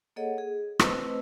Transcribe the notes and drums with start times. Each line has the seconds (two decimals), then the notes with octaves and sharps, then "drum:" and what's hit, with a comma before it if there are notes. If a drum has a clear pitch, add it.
0.16 A#3 G#4 A4 C#5 D#5 F#5
0.38 G#4
0.79 A3 C4 B4 C5 D#5 E6, drum: rim click